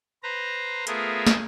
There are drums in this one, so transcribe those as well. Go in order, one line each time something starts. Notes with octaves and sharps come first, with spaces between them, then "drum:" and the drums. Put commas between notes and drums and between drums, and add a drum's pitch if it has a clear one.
B4 C5 A#5
A3 B3 F4 G#4 A#4 E5, drum: hi-hat
drum: snare